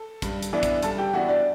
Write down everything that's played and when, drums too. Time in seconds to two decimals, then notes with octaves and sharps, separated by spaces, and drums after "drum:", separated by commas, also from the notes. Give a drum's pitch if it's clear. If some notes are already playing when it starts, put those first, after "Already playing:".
Already playing: A4
0.22 G2, drum: kick, hi-hat
0.43 drum: hi-hat
0.53 E3 B3 D4
0.63 drum: kick, hi-hat
0.83 G2 A4 A5, drum: hi-hat
0.98 G4 G5
1.13 E3 B3 D4 F#4 F#5
1.28 D4 D5